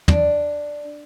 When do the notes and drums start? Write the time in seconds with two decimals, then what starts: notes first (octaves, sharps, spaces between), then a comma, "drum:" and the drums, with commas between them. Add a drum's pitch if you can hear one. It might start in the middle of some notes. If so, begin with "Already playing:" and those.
0.08 D4, drum: tom